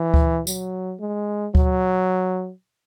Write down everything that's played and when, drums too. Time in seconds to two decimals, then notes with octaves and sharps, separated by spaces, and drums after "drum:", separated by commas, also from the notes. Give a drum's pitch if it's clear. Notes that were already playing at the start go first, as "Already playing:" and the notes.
Already playing: E3
0.14 drum: kick D2
0.47 F#3, drum: tambourine
1.00 G#3
1.55 F#3, drum: kick D2